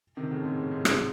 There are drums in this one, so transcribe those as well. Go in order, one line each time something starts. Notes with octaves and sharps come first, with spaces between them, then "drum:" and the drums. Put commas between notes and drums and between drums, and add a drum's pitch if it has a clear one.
C3 D#3
A2 C#3
G#2 C3
A2
G#2
G#2 C3, drum: rim click